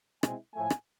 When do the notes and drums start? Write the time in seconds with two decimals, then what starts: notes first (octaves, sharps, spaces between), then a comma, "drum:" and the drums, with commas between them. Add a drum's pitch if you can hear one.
0.23 B2 G#3 C4 E4 G#5, drum: rim click
0.54 A2 F3 A3 G#5
0.70 drum: rim click